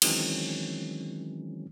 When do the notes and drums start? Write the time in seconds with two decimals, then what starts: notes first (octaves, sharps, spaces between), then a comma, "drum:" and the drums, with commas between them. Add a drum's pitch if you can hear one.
0.02 D#3 E3 F#3 G#3 C4 C#4, drum: cymbal